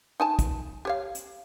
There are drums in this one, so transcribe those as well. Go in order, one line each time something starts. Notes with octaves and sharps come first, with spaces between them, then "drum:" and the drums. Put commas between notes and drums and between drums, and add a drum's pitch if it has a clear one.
D#4 G#5 A5
drum: kick, hi-hat
G4 C#5 F5
drum: hi-hat